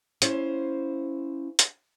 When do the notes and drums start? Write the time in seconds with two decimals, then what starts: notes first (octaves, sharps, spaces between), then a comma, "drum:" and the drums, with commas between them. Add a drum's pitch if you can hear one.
0.22 C#4 E4 C5 F5, drum: hi-hat
1.59 drum: hi-hat